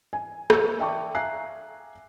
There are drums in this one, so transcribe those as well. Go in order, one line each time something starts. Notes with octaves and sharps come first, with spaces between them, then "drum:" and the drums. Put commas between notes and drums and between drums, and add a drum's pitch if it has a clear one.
G#5
drum: rim click
D5 E5 G5 A5 C#6 D6
E5 F5 G#5 A#5 F#6 C7